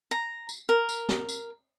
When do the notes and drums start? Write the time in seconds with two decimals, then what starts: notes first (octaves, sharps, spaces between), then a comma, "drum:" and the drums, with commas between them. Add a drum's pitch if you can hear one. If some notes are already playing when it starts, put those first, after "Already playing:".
0.11 A#5
0.49 drum: tambourine
0.69 A#4
0.89 drum: tambourine
1.09 drum: snare
1.29 drum: tambourine